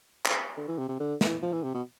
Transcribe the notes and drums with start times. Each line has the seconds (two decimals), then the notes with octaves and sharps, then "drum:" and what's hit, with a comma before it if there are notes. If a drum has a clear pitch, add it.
0.25 drum: clap
0.57 D3
0.68 E3
0.78 C3
0.89 C3
1.00 D3
1.21 E3, drum: snare
1.42 F3
1.52 E3
1.63 C3
1.74 B2